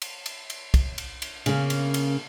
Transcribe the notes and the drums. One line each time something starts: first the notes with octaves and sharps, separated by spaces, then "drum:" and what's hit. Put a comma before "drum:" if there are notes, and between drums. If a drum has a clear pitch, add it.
drum: cymbal
drum: cymbal
drum: cymbal
drum: kick, cymbal
drum: cymbal
drum: cymbal
C#3 A#3, drum: cymbal
drum: cymbal
drum: cymbal